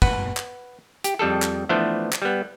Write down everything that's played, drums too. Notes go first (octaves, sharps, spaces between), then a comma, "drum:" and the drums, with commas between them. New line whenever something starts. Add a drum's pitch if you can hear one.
B4 F#5, drum: kick
drum: clap
G4, drum: hi-hat
F2 G3 G#4 A4
drum: clap
E3 F3 A3 B3 D4 C5
drum: clap
G3 B3